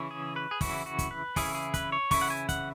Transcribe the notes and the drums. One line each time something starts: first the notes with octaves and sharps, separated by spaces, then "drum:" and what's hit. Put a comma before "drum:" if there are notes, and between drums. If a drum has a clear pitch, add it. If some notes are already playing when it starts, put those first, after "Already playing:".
Already playing: C#3 E3 C#4 E4
G#4
B4
G#4
C#3 E3 C#4 E4 F#4, drum: kick, open hi-hat
F#4
drum: kick, hi-hat
B4
C#3 E3 C#4 E4 G#4, drum: kick, open hi-hat
G#4
B4, drum: kick, hi-hat
C#5
C#3 E3 C#4 E4 C#6, drum: kick, open hi-hat
F#5
G#5
F#5, drum: kick, hi-hat